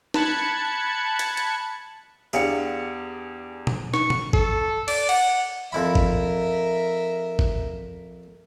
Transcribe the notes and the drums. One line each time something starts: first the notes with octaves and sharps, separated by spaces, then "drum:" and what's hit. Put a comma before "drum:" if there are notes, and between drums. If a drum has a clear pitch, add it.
A5 B5 F#6 G#6 C#7, drum: snare
drum: hi-hat
drum: hi-hat
E2 D4 G4 G#4 F5 C#7, drum: tambourine
drum: tom A#2
C#6, drum: snare
drum: tom A#2
A4, drum: kick
D5, drum: cymbal
F#5, drum: cymbal
F2 E4 A#4 E5 B5
drum: kick
drum: kick